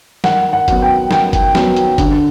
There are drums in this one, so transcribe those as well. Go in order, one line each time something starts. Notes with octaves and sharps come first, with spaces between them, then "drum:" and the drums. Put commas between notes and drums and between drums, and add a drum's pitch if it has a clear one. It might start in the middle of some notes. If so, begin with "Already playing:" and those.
D#3 F#5, drum: snare
F#5
F#3 B3, drum: kick G1, hi-hat
G5
D#3 G5, drum: snare
drum: kick G1, hi-hat
F#3 B3, drum: snare
drum: hi-hat
D3, drum: kick G1, hi-hat